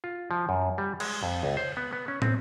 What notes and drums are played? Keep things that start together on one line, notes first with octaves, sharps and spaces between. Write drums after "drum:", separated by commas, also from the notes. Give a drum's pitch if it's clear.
F4
F3
F#2
G3
G#3, drum: cymbal
F2
C#2
C5
B3
B3
C#4
C4, drum: tom